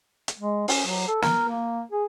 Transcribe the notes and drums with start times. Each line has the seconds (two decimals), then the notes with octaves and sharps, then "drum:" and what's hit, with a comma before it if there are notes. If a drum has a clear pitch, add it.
0.28 drum: hi-hat
0.39 G#3
0.68 C#4, drum: open hi-hat
0.86 F#3
1.08 A4
1.22 A#4, drum: snare
1.49 A#3
1.92 G#4